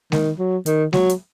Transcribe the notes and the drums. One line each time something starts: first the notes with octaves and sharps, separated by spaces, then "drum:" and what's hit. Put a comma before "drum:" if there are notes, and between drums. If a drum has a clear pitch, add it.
D#3, drum: snare G#3
F#3
D#3, drum: hi-hat
F#3, drum: snare G#3
drum: hi-hat